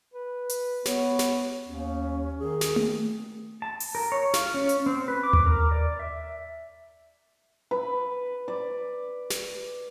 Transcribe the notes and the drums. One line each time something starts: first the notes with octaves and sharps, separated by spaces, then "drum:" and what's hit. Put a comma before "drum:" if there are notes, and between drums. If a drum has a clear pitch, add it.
B4
drum: hi-hat
B3 C#5, drum: snare
drum: snare
D#2 C#4
D#3 G#4
drum: snare
drum: tom A3
A5
drum: open hi-hat
A#4
C#5
F4, drum: snare
C#4
drum: hi-hat
C4
B4
D6
drum: tom D#2
A#4
D5
E5
B4
D5
drum: snare